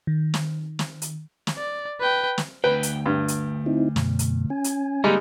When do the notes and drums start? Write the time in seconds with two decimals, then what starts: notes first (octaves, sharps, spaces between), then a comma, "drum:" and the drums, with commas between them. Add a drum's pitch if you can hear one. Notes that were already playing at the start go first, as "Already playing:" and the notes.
0.07 D#3
0.34 drum: snare
0.79 drum: snare
1.02 drum: hi-hat
1.47 drum: snare
1.57 D5
2.00 B4 G5
2.38 drum: snare
2.64 D2 B4 G5
2.83 drum: hi-hat
3.06 G2
3.28 drum: hi-hat
3.66 C4 D#4 E4
3.96 F#2 B2, drum: snare
4.19 drum: hi-hat
4.50 C#4 G#5
4.64 drum: hi-hat
5.04 G3 G#3 A#3 D#4